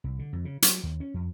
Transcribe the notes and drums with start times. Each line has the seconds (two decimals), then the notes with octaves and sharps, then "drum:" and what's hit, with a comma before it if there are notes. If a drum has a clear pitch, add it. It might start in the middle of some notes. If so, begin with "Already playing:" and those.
0.04 C2
0.19 D3
0.33 F2
0.45 C#3
0.62 F#3, drum: hi-hat
0.83 D#2
1.00 C#4
1.14 F2